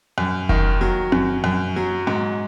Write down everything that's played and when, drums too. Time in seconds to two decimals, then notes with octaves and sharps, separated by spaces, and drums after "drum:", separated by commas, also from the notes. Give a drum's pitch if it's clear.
0.18 F#2
0.49 D#3, drum: kick F1
0.81 F#3
1.12 F#2, drum: tom C4
1.44 F#2
1.76 F#3
2.07 G#2